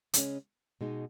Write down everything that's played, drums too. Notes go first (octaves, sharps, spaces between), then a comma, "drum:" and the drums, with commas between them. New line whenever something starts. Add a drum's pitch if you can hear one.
C#3 G#3 C#4, drum: hi-hat
B2 G#3 D#4